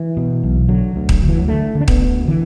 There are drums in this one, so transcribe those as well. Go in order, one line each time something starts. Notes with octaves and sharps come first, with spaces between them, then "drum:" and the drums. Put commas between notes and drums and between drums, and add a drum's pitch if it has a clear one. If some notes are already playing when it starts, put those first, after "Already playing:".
Already playing: E3
B2
B1
D3 F#3
D2
drum: kick D#1
D2
E3
F#3
D3 A3
D3
D4
B3, drum: kick D#1
D2
D3 E3